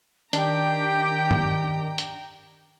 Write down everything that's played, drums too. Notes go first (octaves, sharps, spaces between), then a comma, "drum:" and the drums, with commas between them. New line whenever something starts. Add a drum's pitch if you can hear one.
D#3 D4 G4 G5 A#5, drum: hi-hat
drum: tom G2
drum: hi-hat